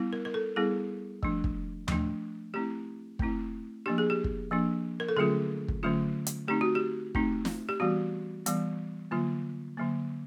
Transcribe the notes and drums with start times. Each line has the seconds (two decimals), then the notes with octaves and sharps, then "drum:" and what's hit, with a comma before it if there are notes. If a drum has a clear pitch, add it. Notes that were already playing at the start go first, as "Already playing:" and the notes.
Already playing: G3 B3 E4
0.13 A#4
0.25 A#4
0.34 A4
0.56 G3 B3 E4 G#4
1.23 F3 A3 D4, drum: kick
1.44 drum: kick
1.88 F3 A3 D4, drum: tom D#2
2.54 A3 C4 E4 G4
3.19 A3 C4 E4, drum: kick
3.86 F3 A#3 D4 G4
3.98 G#4
4.10 G4
4.24 drum: kick
4.51 F3 A#3 D4
5.00 A#4
5.08 A4
5.17 D3 F#3 A3 C#4 F4 G#4
5.68 drum: kick
5.83 D3 F#3 A3 C#4 F4
6.27 drum: hi-hat
6.48 A3 C4 D#4 G4
6.61 F#4
6.75 G4
7.15 A3 C4 D#4, drum: kick
7.45 drum: snare
7.69 G4
7.80 E3 G3 B3 F#4
8.46 E3 G3 B3, drum: hi-hat
9.11 D3 F#3 A#3 F4
9.77 D3 F#3 A#3